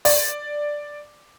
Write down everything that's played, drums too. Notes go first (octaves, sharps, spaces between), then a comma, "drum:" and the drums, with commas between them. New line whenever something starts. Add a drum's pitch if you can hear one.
D5, drum: open hi-hat